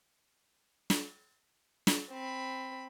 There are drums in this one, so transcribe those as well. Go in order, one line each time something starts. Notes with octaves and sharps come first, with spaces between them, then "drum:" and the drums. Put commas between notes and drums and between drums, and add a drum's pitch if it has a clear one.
drum: snare
drum: snare
C4 B5